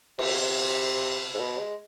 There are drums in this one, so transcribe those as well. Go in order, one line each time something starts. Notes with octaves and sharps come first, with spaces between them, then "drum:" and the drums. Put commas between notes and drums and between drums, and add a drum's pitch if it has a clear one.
C3, drum: cymbal
G#2
B2
G#3